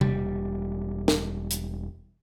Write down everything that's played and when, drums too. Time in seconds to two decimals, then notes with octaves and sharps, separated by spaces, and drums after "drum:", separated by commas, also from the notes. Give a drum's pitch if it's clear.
0.01 E1 G3, drum: tom C3
1.08 drum: snare
1.51 drum: hi-hat